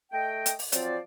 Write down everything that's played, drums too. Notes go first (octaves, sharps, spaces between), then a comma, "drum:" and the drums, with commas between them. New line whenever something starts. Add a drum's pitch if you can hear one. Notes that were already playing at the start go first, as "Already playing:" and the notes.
A3 D#5 G5
drum: hi-hat
drum: open hi-hat
F3 F#3 C4 F4 C5 D5, drum: hi-hat